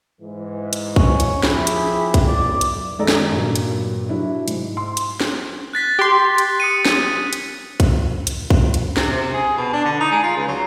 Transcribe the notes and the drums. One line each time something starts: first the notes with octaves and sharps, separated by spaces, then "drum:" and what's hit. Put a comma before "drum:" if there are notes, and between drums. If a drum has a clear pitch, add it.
G#2 E3
drum: hi-hat
C#4, drum: kick
drum: hi-hat
F3 E4 G4 G#4, drum: snare
drum: hi-hat
drum: kick, hi-hat
B1 D5
drum: hi-hat
F#2 D#3 G#3 A4 D5 A#5
drum: snare
G2 A#2 F#3
drum: hi-hat
F#3 D4 E4
G#2, drum: hi-hat
C6
drum: hi-hat
drum: snare
F#6 A6 B6
G4 C6
drum: hi-hat
D#6 C#7 D#7
drum: snare
drum: hi-hat
drum: kick, hi-hat
drum: hi-hat
drum: kick
drum: hi-hat
C3, drum: snare
C3
G#4
B2
D4
D3
D#4
G#3
F4
C#2
F#3